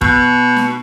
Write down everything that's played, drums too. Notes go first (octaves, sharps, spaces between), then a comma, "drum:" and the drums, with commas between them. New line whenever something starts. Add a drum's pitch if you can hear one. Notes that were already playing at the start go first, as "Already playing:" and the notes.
B2, drum: kick
drum: snare